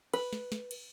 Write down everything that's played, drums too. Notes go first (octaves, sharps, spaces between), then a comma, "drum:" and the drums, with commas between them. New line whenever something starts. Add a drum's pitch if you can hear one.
B4, drum: cymbal
drum: snare
drum: snare
drum: cymbal